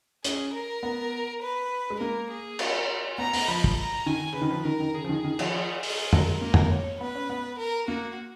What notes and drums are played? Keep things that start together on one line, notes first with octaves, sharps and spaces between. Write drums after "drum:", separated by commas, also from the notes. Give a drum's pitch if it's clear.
C#4 G#4, drum: hi-hat
A#4
B3
B4
G#3
A#3 A#4
G#4
A#4, drum: cymbal
B3 A#5
B3, drum: open hi-hat
F3 B5
drum: kick
A#5
D#3 G#5
C#3 B4
D#3
F3
D#3 A#4
D#3
C#3 G#4
F3
D#3
D#3
F3, drum: cymbal
G#4
G#4, drum: open hi-hat
F#3 A#4, drum: tom F2
G#3
A#3 A#4
B3, drum: tom F2
A#3 C#5
B3 B4
C#4
B3
A#4
A#3 F#4